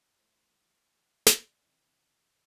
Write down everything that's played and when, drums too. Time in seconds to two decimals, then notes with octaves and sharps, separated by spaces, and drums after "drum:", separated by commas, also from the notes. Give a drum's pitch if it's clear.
0.19 A2 E3 C5
1.27 D5, drum: snare
1.64 C3 E3